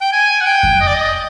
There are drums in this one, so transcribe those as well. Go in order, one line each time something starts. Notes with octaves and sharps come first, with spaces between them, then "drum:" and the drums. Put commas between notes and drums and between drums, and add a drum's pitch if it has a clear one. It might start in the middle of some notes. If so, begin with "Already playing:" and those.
G5
G#5
F#5
G5
drum: kick F2
D#5
D5
D#5